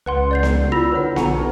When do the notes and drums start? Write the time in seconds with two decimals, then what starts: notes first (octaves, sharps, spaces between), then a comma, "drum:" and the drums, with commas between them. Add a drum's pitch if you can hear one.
0.06 C#2 B4 F#5 C6
0.31 D5 G6 C7
0.43 drum: snare B3
0.72 E4 F4 E6 A#6 F7
0.92 D3 B4 C#5 F#5
1.16 B1 F#5 G#5 A#5 C#6, drum: snare B3
1.35 D#4 B4